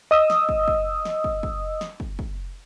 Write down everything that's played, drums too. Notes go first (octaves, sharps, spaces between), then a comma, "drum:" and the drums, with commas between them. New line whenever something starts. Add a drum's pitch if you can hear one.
D#5 D#6 E6
drum: snare
drum: kick
drum: kick
drum: snare
drum: kick
drum: kick
drum: snare
drum: kick
drum: kick